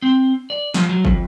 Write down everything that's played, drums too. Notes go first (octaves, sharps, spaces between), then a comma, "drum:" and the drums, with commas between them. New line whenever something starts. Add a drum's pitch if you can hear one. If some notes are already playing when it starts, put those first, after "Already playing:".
C4
D5
F3, drum: snare
F#3
F2, drum: kick